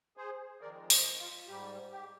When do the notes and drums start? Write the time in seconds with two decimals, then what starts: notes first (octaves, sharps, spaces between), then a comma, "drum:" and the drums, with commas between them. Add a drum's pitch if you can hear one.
0.17 G#4 C5
0.61 F2 D#3 G#3 A#4 D5
0.90 C5 D#5, drum: open hi-hat
1.19 F4
1.47 G#2 G3 G4
1.92 G4